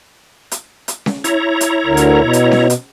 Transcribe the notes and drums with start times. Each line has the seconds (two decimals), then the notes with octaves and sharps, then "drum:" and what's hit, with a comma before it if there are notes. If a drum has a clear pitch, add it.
0.51 drum: hi-hat
0.88 drum: hi-hat
1.06 drum: snare C#4
1.24 E4 C#5 A#5, drum: hi-hat
1.61 drum: hi-hat
1.86 D2 D3 A#4
1.97 drum: hi-hat
2.21 B2
2.33 drum: hi-hat
2.52 drum: snare C#4
2.70 drum: hi-hat